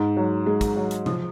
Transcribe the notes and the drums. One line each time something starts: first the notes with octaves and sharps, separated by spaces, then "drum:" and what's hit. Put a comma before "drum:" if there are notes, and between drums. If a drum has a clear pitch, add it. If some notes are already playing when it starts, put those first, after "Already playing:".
Already playing: G#2
F#3
G#3
drum: kick, hi-hat
F#3
drum: hi-hat
F3, drum: tom C3